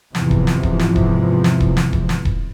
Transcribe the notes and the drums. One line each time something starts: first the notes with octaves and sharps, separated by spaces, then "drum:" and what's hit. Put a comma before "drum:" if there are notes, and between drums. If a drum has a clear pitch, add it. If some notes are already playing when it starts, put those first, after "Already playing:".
E2 G#2 C3 E3 F3, drum: snare
drum: kick D#1
drum: snare
drum: kick D#1
drum: snare
drum: kick D#1
drum: snare
drum: kick D#1
drum: snare
drum: kick D#1
drum: snare
drum: kick D#1